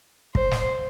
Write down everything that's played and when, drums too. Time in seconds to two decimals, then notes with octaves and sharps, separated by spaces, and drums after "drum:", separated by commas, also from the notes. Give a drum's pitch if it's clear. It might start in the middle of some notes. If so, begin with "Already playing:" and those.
0.35 C5, drum: kick
0.51 drum: snare